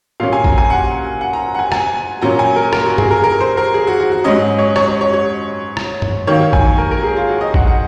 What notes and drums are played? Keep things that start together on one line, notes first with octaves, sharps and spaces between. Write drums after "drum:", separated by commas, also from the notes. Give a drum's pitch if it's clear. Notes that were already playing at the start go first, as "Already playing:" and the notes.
A#2 F#3 C#4 F5
G#5
A#5, drum: kick A1
G#5
F#5
F#5
A#5
F#5
G#5
G#5, drum: rim click
A#2 F#3 C#4 A#5
G#5
A#4
A#4, drum: rim click
F#4
G#4, drum: tom G2
A#4
A#4
C5
A#4
G#4
F#4
F#4
F#4
G#2 F#3 C#4 D#5
C#5
C#5, drum: rim click
C#5
C#5
C#5
drum: rim click
drum: tom G2
D#3 F#3 A#3 C#5
C#5
G#5, drum: kick A1
A#4
A#4
G#4
F4
F#4
D#5
F#5, drum: kick A1
F#5